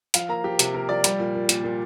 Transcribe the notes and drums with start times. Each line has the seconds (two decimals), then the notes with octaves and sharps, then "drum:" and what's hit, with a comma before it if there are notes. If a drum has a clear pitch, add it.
0.14 F3 F5, drum: hi-hat
0.29 A#3 A#5
0.44 F3 G4
0.59 C3 G4, drum: hi-hat
0.74 A#3 A#4
0.89 F3 D5
1.04 G3, drum: hi-hat
1.20 A#2
1.35 A#2
1.49 A#2, drum: hi-hat
1.64 A#2